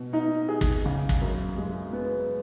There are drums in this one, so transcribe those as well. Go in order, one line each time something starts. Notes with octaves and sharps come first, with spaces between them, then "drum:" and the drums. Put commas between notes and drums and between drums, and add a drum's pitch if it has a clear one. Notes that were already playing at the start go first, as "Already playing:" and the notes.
Already playing: B2
D#4
G#4
drum: kick
C#3
drum: kick
F#2
G#3
B3